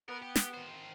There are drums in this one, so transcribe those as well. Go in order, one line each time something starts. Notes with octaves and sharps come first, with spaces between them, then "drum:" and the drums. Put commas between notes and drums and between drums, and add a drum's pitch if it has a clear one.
B3 A#4
G4
drum: snare
D#3 C5